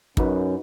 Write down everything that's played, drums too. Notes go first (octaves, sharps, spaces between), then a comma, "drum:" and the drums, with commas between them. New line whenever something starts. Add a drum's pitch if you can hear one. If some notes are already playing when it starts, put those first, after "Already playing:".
F#2 D#4 F#4 B4, drum: kick